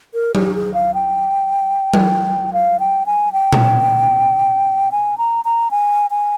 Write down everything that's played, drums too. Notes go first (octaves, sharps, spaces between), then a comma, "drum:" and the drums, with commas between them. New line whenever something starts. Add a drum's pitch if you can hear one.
A#4
G4, drum: tom F#3
G#4
F5
G5
drum: tom F#3
F5
G5
G#5
G5
drum: tom A#2
G#5
A#5
A#5
G#5
G#5